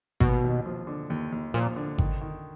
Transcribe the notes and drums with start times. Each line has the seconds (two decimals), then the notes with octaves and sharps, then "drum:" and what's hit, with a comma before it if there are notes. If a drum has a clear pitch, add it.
0.20 D#2 B2, drum: kick G#1
0.44 D#2
0.66 F3
0.87 D3
1.10 D#2
1.32 D#2
1.54 A#2 F3
1.76 D3
1.98 D#3, drum: kick G#1
2.21 D#3